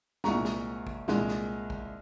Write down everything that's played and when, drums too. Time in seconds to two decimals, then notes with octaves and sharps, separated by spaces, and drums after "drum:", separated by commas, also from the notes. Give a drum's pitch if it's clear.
0.24 C2 A#2 G#3 A#5 C#6, drum: snare
0.45 drum: snare
0.87 drum: kick
1.08 C2 A#2 G#3, drum: snare
1.28 drum: snare
1.70 drum: kick